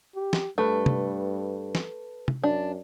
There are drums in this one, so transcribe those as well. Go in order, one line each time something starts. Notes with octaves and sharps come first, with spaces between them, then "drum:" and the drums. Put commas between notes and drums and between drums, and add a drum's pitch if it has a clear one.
G4
drum: snare
G2 A3 A4 B4
drum: tom
drum: snare
drum: tom
F#2 D4